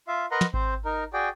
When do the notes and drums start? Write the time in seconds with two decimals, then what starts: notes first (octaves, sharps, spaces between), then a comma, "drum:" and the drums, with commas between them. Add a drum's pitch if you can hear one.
0.08 F4 E5 F5
0.31 A#4 B4 D#5 F#5 A#5 C6
0.41 drum: snare
0.54 C4 C5, drum: kick G#1
0.85 D#4 A#4
1.13 F#4 G#4 D5 G5